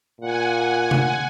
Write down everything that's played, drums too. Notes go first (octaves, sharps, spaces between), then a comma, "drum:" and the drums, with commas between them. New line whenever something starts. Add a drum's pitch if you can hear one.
A#2 F#5 G#5
drum: tom C3